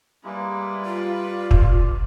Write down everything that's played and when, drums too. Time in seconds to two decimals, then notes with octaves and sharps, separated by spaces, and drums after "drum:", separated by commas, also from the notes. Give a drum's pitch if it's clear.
0.24 G3 G#3 A#3 E4 B4
0.86 F4 D5
1.51 drum: kick